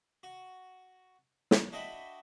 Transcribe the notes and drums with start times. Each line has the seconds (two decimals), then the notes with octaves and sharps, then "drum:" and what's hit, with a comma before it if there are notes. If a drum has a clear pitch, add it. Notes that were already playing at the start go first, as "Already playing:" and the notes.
0.23 F#4
1.51 drum: snare
1.72 D4 F#4 D#5 E5 G5 B5